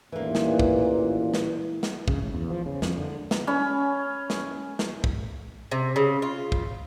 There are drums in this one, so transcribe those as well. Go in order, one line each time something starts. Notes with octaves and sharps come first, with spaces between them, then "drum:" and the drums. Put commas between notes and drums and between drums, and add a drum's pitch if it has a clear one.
A1 D#2 A#2 E3 A#3 B4
drum: snare
drum: kick
drum: snare
drum: snare
C#3, drum: kick
A1
E2
F3
C#3
F2, drum: snare
D3
drum: snare
C#4 B5
drum: snare
drum: snare
drum: kick
C3
C#3
F4
drum: kick